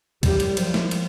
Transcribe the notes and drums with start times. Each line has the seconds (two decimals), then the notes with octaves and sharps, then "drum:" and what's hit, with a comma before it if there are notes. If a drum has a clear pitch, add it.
0.23 G3, drum: kick, cymbal
0.40 drum: cymbal
0.57 F3, drum: cymbal
0.74 drum: snare
0.91 drum: cymbal